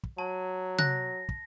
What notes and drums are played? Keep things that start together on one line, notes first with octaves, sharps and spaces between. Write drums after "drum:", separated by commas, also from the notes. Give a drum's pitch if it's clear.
drum: kick
F#3 A5
F#6 A#6, drum: tom C3
drum: kick